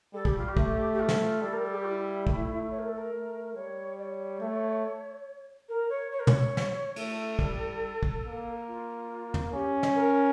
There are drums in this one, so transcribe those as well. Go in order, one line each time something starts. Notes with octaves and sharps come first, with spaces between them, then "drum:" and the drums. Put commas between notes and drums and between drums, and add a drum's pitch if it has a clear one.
G3 A4
G4, drum: kick
F4
G4
A3, drum: kick
G4
F4
drum: snare
F4
G3 A4
A#4
A4
G4
F4
E4
A3, drum: kick
C#5
A#4
A4
A#4
A3
G3 C#5
D5
C#5
A3
A#4
C#5
C#5
A#4
C#5, drum: tom
drum: snare
A3 A4, drum: cymbal
G3, drum: kick
drum: kick
A#3
F4
drum: tom
C#4 G4
drum: snare
A#4